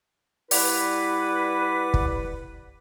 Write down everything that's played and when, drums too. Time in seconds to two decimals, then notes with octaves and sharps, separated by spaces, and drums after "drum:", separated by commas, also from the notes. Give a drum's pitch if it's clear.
0.51 G3 E4 B4 D5 F#5 D6, drum: open hi-hat
1.94 drum: kick